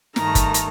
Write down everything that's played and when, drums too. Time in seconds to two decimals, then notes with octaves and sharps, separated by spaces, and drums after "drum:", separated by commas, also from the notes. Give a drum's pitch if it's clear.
0.16 G2 D#3 A3 A#5, drum: snare
0.35 drum: kick, hi-hat
0.54 drum: hi-hat